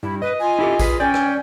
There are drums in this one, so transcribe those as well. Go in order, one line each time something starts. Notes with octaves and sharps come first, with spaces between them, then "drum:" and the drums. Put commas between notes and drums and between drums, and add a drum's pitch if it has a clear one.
G2 E4
B4 D#5
F4 G#5
E4 G4 A4
G#4 B4, drum: kick A#1, tambourine
C#4 D5 G5 G#5
drum: rim click